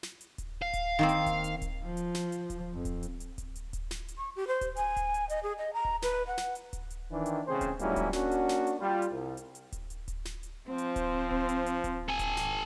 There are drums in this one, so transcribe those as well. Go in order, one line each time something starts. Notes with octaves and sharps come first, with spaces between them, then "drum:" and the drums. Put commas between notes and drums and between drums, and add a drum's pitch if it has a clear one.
drum: snare
drum: hi-hat
drum: kick D1, hi-hat
F5
drum: kick D1, hi-hat
D#3 A#3 C4
drum: hi-hat
drum: kick D1, hi-hat
drum: hi-hat
drum: kick D1, hi-hat
F3
drum: hi-hat
drum: snare
drum: hi-hat
drum: kick D1, hi-hat
F2
drum: kick D1, hi-hat
drum: hi-hat
drum: hi-hat
drum: kick D1, hi-hat
drum: hi-hat
drum: kick D1, hi-hat
drum: snare
drum: hi-hat
C#6
G4
C5
drum: kick D1, hi-hat
G#5, drum: hi-hat
drum: kick D1, hi-hat
drum: hi-hat
D#5, drum: hi-hat
G#4
D#5
A#5
drum: kick D1
B4, drum: snare
F#5
drum: snare
drum: hi-hat
drum: kick D1, hi-hat
drum: hi-hat
D#3 E3 D4
drum: hi-hat
A1 C#3 C4 G#4 C5
drum: kick D1, hi-hat
G#2 F#3 G3 A#3 C#4 E4, drum: hi-hat
drum: kick D1, hi-hat
A#3 C#4 D4 F#4, drum: snare
drum: hi-hat
drum: snare
drum: hi-hat
G3 F4
drum: hi-hat
C2
drum: hi-hat
drum: hi-hat
drum: kick D1, hi-hat
drum: hi-hat
drum: kick D1, hi-hat
drum: snare
drum: hi-hat
F3 C4
drum: hi-hat
drum: kick D1, hi-hat
drum: kick D1
drum: hi-hat
drum: hi-hat
drum: kick D1, hi-hat
A4 G#5
drum: kick D1, hi-hat
drum: snare